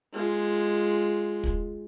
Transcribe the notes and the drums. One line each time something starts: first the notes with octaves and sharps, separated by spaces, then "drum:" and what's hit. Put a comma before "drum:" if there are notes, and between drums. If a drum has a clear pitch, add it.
G#3 F4
drum: kick